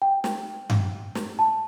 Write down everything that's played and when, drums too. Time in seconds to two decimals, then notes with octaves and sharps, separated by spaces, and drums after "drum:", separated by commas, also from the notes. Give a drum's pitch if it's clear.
0.02 G5
0.24 drum: snare
0.70 drum: tom G2
1.15 drum: snare
1.39 A5